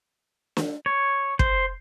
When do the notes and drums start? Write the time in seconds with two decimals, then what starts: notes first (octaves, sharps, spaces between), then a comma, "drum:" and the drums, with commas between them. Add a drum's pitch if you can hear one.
0.57 drum: snare
0.86 C#5
1.39 C5, drum: kick